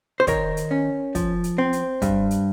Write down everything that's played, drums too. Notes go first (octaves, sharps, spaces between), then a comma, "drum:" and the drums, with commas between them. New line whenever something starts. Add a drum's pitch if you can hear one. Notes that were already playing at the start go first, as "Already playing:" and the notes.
C5
D#3 A#4 C#5, drum: kick, hi-hat
drum: hi-hat
C#4
F3, drum: kick, hi-hat
drum: hi-hat
C4
drum: hi-hat
G2, drum: kick, hi-hat
drum: hi-hat